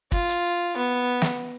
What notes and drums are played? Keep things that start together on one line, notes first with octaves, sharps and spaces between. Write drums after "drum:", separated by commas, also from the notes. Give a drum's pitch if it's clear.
F4, drum: kick
drum: hi-hat
B3
drum: snare